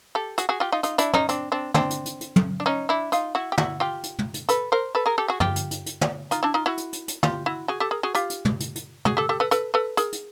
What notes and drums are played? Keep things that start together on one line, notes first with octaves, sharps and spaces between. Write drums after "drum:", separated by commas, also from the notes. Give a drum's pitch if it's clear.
G4 A4
F#4 G#4, drum: hi-hat
F#4 G#4
F4 G4
D#4 F4
D#4 F4, drum: hi-hat
D4 E4, drum: hi-hat
C#4 D#4, drum: tom
C4 D4, drum: hi-hat
C4 D4
C4 D4, drum: tom
drum: hi-hat
drum: hi-hat
drum: hi-hat
drum: tom
D4
C#4 D#4
D4 E4
D#4 F4, drum: hi-hat
E4 F#4
G4
E4 F#4, drum: tom
F4 G4
drum: hi-hat
drum: tom
drum: hi-hat
A4 B4, drum: hi-hat
A#4 C5
A4 B4
G#4 A#4
G4 A4
F#4 G#4
F4 G4, drum: tom
drum: hi-hat
drum: hi-hat
drum: hi-hat
drum: tom
D#4 F4, drum: hi-hat
D4 E4
D#4 F4
E4 F#4
drum: hi-hat
drum: hi-hat
drum: hi-hat
F4 G4, drum: tom
E4 F#4
F#4 G#4
G4 A4
G#4 A#4
F#4 G#4
F4 G4, drum: hi-hat
drum: hi-hat
drum: tom
drum: hi-hat
drum: hi-hat
F#4 G#4, drum: tom
G4 A4
G4 A4
A4 B4
A4 B4, drum: hi-hat
A4 B4
G#4 A#4, drum: hi-hat
drum: hi-hat